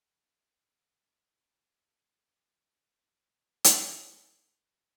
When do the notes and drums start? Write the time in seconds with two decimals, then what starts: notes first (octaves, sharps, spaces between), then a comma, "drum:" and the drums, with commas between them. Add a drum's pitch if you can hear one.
0.03 B1 A2 F#3 F#5
0.83 A#5
1.62 D#2 D3 G3 A5
2.38 D5
2.43 D#5
3.23 C2 A#2 F#3
3.64 drum: hi-hat